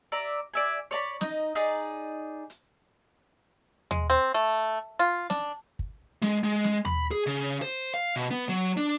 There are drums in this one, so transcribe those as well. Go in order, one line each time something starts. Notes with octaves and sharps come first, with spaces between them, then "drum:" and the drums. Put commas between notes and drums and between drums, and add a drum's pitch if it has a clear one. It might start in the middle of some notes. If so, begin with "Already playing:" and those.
D5 E5 A#5
D5 E5 G#5
C#5 D5 A#5 B5
D#4 D#5, drum: snare
D#4 G#4 D5
drum: hi-hat
G#3, drum: tom D#2
C4
A3
F4, drum: hi-hat
D4, drum: snare
drum: kick
G#3, drum: snare
G#3
drum: snare
B5, drum: tom D#2
G#4
C#3
C5
F5
B2
B3
F#3
D4